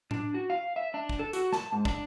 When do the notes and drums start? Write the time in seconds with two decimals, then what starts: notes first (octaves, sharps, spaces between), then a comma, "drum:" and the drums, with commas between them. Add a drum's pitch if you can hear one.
0.11 D4, drum: tom A2
0.34 F#4
0.50 F5
0.76 E5
0.94 D4
1.09 drum: kick
1.19 A4
1.33 F#4, drum: hi-hat
1.52 A5, drum: snare
1.72 G#2
1.85 D4, drum: kick